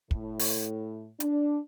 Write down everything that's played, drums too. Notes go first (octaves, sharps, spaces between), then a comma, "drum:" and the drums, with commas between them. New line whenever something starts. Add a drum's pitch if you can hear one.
A2, drum: kick
drum: open hi-hat
D4, drum: hi-hat